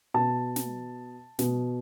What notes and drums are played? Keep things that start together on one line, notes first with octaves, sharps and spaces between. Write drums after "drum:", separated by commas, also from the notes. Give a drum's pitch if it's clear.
B2 A5
drum: snare
B2, drum: snare